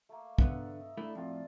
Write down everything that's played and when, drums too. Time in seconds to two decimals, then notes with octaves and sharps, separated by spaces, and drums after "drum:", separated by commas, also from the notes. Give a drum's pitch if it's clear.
0.09 A3 A#3
0.38 D3 B3 A4 E5, drum: kick
0.81 D#5
0.97 A3 D4 E4 D5
1.15 F2 A2 C4 F4